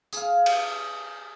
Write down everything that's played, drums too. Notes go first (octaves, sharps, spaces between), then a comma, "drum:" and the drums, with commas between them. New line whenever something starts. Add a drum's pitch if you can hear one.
G#4 F5, drum: tambourine
drum: cymbal